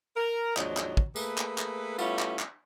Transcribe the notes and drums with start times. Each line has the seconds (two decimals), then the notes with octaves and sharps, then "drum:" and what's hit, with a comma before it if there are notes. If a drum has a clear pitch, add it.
0.17 A#4
0.57 D#2 G#2 F3 F#3 D4 D#5, drum: clap
0.77 drum: clap
0.97 drum: kick
1.16 A3 A#3 G#4 B4, drum: tambourine
1.38 drum: clap
1.58 drum: clap
1.99 G3 A3 B3 C#4 E4 F4, drum: tambourine
2.19 drum: clap
2.39 drum: clap